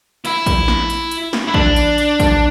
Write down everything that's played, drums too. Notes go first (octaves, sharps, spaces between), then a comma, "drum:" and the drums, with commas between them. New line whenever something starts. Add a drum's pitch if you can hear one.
E4, drum: hi-hat
drum: kick A#1, hi-hat
drum: snare
drum: hi-hat
drum: hi-hat
drum: snare
E4
D4, drum: kick A#1
drum: hi-hat
drum: hi-hat
drum: kick A#1, hi-hat